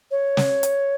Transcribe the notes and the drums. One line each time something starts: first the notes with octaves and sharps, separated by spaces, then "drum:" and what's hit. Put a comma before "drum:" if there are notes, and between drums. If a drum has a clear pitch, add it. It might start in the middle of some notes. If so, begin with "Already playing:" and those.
C#5
drum: snare
drum: hi-hat